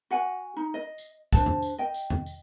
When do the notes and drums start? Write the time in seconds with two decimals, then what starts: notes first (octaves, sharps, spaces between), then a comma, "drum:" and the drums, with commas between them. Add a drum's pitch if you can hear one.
0.11 F#4 F#5 G#5
0.56 D#4
0.74 D#5
0.98 drum: tambourine
1.33 D4 C5 A5, drum: kick, tambourine
1.46 drum: tom E2
1.62 drum: tambourine
1.78 D#5 G5
1.94 drum: tambourine
2.10 drum: tom E2
2.26 drum: tambourine